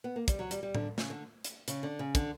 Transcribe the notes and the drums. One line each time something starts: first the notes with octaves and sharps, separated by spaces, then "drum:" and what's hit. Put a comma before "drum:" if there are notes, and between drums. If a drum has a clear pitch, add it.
B3
A#3
G3, drum: kick, hi-hat
F#3
G3, drum: hi-hat
G3
D3, drum: tom A2
C#3, drum: snare
D3
drum: hi-hat
C#3, drum: hi-hat
D3
C#3
D3, drum: kick, hi-hat